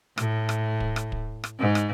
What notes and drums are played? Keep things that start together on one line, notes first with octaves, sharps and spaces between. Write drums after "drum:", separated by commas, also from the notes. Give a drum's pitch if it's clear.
A2, drum: rim click
drum: rim click
drum: kick
drum: rim click
drum: kick
drum: rim click
G#2
drum: rim click